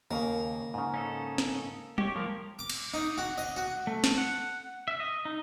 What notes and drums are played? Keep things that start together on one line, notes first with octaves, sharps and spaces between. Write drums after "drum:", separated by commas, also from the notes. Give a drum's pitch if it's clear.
D#2 C#3 A#3 A#5
G#2 C#3
C#4 D#4 A4
drum: snare
G4 C#5, drum: tom G3
F3 A#3 A#4
D6
drum: cymbal
D#4
F#4
D#5
F#4
A3
drum: snare
F#5
E5
D#5
D#4